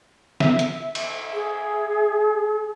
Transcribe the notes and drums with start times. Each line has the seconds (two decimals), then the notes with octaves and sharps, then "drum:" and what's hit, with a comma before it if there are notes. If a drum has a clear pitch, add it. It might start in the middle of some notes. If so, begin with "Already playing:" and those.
0.40 E5, drum: snare
0.59 drum: hi-hat
0.95 drum: cymbal
1.33 G#4